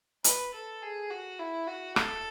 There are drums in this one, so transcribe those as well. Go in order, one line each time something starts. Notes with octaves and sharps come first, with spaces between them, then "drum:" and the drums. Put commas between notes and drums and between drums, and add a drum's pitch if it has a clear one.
B4, drum: hi-hat
A4
G#4
F#4
E4
F#4
A4, drum: rim click